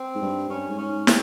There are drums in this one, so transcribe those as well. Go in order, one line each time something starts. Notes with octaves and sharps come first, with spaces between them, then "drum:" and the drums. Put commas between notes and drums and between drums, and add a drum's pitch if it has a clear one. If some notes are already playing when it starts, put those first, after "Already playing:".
Already playing: C4
G#2
G2
G2 C#4
G#2
C#4
G#2
C4, drum: snare